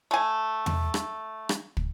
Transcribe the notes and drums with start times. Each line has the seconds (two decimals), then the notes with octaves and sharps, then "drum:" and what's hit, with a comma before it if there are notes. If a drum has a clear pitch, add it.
0.11 A3 G#5
0.66 drum: tom E2
0.94 drum: rim click
1.49 drum: rim click
1.77 drum: kick